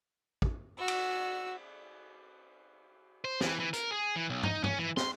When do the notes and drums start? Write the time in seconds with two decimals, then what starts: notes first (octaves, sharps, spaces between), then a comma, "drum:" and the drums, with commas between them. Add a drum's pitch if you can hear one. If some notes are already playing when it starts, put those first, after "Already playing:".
0.42 drum: kick
0.78 F#4 E6
0.88 drum: cymbal
3.25 C5
3.41 E3, drum: snare
3.60 E3
3.73 A#4, drum: hi-hat
3.91 G#4
4.16 E3
4.29 B1
4.43 D#4, drum: tom
4.64 C#4, drum: tom
4.79 E3
4.97 C6, drum: snare